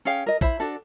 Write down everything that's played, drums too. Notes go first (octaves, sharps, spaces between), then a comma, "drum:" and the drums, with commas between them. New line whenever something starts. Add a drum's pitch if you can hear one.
C#4 G#4 F5 G5
A#4 D#5
E4 C5 E5 B5, drum: kick A#1
D4 F#4 A4